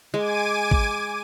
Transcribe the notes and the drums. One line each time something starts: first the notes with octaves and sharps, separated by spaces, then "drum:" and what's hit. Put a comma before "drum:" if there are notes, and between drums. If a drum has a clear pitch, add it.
G#3 G#5 D6 D#7
drum: kick